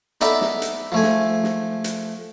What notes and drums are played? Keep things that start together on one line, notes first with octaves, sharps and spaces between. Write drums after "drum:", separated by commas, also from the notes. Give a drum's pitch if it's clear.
B3 D#4 A4 D5 E5, drum: hi-hat
drum: snare
drum: hi-hat
F3 A3 G#5
drum: snare
drum: snare
drum: hi-hat